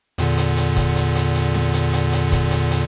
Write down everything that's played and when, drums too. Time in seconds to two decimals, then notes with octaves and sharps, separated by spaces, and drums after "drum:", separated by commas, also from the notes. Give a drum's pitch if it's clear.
0.18 E2 A#2 D3, drum: hi-hat
0.38 drum: hi-hat
0.57 drum: hi-hat
0.76 drum: kick, hi-hat
0.96 drum: hi-hat
1.15 drum: hi-hat
1.35 drum: hi-hat
1.54 drum: snare C4
1.74 drum: hi-hat
1.93 drum: hi-hat
2.12 drum: hi-hat
2.32 drum: kick, hi-hat
2.51 drum: hi-hat
2.71 drum: hi-hat